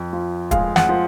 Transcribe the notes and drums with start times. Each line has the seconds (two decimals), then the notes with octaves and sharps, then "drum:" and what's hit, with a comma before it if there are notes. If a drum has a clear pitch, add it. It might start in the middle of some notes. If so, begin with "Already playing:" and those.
Already playing: F2
0.13 F3
0.51 G#3 F5, drum: kick, hi-hat
0.76 F#5, drum: snare
0.89 F3